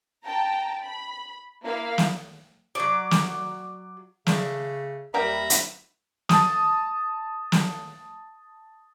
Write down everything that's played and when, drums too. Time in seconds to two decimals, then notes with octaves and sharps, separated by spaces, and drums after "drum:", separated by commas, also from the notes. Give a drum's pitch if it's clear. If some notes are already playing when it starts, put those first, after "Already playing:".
0.24 G5 A5 A#5
0.82 B5
1.62 A#3 E4 F5
1.98 drum: snare
2.75 F#3 D5
3.11 drum: snare
4.27 C#3 A3 D4, drum: snare
5.14 D#2 G3 A#4 E5 G5 A#5 B5
5.50 drum: hi-hat
6.29 A5 D#6, drum: snare
7.52 drum: snare